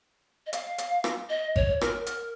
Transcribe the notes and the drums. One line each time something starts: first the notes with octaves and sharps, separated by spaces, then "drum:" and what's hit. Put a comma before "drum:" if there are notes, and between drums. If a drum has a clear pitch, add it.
D#5
F5, drum: hi-hat
drum: hi-hat
drum: rim click
D#5
C#5, drum: kick G#1
A#4, drum: rim click
drum: hi-hat